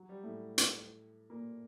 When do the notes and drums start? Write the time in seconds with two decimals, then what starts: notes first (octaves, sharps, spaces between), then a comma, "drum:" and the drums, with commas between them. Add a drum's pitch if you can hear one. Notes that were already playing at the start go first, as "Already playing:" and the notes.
Already playing: F#3
0.09 G3
0.24 A2 A3
0.58 drum: hi-hat
1.30 A#2 A#3